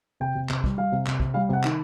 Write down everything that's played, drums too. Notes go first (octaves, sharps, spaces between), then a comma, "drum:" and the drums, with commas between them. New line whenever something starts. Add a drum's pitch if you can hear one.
C3 G5
C3
C3, drum: clap
G3, drum: kick
G3 F5
C3
C3, drum: clap
C3, drum: kick
G3 F5
C3 F#5
D#3, drum: clap